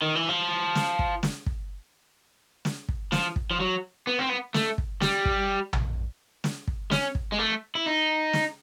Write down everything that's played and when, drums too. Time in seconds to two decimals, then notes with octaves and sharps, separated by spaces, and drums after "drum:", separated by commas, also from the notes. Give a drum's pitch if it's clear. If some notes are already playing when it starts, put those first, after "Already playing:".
0.02 D#3
0.15 E3
0.29 F3
0.75 drum: snare
0.99 drum: kick
1.23 drum: snare
1.46 drum: kick
2.65 drum: snare
2.89 drum: kick
3.12 F3, drum: snare
3.36 drum: kick
3.51 F3
3.60 F#3
4.07 B3
4.19 C4
4.29 B3
4.54 A3, drum: snare
4.78 drum: kick
5.01 G3, drum: snare
5.25 drum: kick
5.73 drum: tom A#1
6.44 drum: snare
6.68 drum: kick
6.91 C#4, drum: snare
7.15 drum: kick
7.32 G#3
7.39 A3
7.75 E4
7.86 D#4
8.33 drum: snare